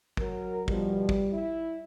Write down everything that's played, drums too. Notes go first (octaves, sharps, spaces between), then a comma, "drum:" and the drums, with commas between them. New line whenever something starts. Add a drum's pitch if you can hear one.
F#3 A#4, drum: kick
B2 F3 G3, drum: kick
drum: kick
E4